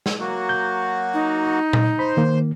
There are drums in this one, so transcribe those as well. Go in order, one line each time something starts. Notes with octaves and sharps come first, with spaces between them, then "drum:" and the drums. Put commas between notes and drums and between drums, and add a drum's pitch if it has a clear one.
drum: snare
F#3 A#3 F#4
G6
D#4
drum: tom A#2
C5 B5
D#3 A#3